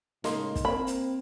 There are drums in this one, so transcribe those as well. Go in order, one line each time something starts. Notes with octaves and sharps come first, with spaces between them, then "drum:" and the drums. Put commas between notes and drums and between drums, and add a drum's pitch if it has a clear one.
A2 C#3 G#3 A#3 D#4 C6, drum: snare
drum: kick, hi-hat
A#3 C4 B5
drum: hi-hat